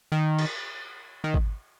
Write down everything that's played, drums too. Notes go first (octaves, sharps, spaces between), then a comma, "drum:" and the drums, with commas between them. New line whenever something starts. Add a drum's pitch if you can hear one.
D#3
drum: cymbal
D#3
drum: kick